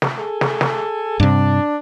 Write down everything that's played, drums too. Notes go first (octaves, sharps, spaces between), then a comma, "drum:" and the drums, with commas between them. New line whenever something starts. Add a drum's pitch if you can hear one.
drum: snare
G#4 A4
drum: snare
drum: snare
G2 C3 D4